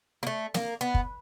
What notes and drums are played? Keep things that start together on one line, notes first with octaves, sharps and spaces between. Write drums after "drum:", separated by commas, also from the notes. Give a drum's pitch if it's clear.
A#3
A3
A#3, drum: snare
B3
drum: kick